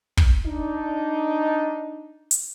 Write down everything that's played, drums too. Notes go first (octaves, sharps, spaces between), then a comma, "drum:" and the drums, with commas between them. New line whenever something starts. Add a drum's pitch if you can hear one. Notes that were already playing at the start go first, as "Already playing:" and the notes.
drum: kick
D4 D#4
drum: hi-hat